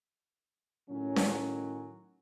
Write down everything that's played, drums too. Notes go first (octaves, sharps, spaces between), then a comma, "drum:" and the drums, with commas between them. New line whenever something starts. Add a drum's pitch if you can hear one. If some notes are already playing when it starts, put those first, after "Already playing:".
A2 D#3 F#3 C#4
drum: snare C#4